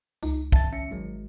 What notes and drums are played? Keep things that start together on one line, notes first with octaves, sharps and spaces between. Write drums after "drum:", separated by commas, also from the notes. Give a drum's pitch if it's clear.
C#2 D#4, drum: tambourine
E5 A5 A6, drum: kick
C#4 E5 C#7
G#1 F#3 G#3